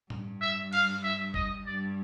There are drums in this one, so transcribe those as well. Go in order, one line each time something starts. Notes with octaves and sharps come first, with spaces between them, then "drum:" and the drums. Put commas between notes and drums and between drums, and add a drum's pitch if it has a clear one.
G2, drum: tom A2
E5
F5, drum: cymbal
E5
D#5, drum: kick G#1
G2 D5